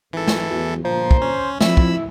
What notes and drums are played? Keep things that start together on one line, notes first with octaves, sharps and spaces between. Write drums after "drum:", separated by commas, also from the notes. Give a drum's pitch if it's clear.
G#1 E3 A4
drum: snare
E2 F#4
G1 A#2 F3 C5 A#5
drum: kick
C#4
F3 C4 E4 B5 E6, drum: snare
drum: kick